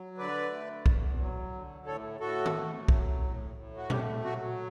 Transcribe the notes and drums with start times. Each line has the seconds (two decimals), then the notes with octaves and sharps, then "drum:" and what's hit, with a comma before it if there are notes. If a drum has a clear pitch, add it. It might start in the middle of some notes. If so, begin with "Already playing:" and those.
Already playing: F#3
0.18 D3 B4 D5
0.52 A3
0.86 E2, drum: kick B1
1.19 F#3
1.53 D3
1.86 A2 A4 C#5
2.20 A2 F#4 A4
2.46 drum: tom D#3
2.55 A3
2.88 F#3, drum: kick B1
3.22 A2
3.56 A2
3.77 F#4
3.90 A3 G4, drum: tom A#2
4.24 F#3 F#4